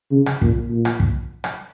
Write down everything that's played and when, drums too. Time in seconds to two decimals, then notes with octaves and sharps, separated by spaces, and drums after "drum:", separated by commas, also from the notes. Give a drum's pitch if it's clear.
0.11 C#3
0.26 drum: rim click
0.41 A#2, drum: kick
0.70 A#2
0.85 drum: rim click
1.00 drum: kick
1.44 drum: rim click